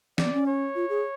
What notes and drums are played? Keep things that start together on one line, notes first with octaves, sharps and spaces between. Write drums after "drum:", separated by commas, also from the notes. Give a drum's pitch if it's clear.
D5, drum: snare
B3
C#4
C#5
F4
G#4